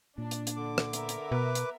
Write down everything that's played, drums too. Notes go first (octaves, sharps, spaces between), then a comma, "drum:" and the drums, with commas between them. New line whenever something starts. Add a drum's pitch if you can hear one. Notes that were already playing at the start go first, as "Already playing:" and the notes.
A#2 D4
drum: hi-hat
drum: hi-hat
D3 D6
drum: rim click
B3 A#4 E5, drum: hi-hat
drum: hi-hat
B2 B4 D6
drum: hi-hat